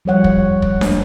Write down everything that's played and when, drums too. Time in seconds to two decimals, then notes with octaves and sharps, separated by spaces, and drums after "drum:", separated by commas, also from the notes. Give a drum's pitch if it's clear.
0.05 F3 G3 C#5 F#5
0.24 drum: kick
0.62 drum: kick
0.81 drum: snare D4